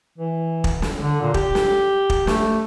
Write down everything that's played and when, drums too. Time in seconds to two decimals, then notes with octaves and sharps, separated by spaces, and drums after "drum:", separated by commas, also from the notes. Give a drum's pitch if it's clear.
0.18 E3
0.64 drum: kick
0.82 drum: snare
1.00 D3
1.21 A#2
1.34 G4, drum: kick
1.55 drum: snare
2.10 drum: kick
2.27 A3, drum: snare